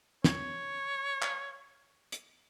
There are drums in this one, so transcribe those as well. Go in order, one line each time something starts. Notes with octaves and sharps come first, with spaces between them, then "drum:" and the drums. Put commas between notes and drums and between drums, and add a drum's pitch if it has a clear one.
C#5, drum: snare
drum: clap
drum: hi-hat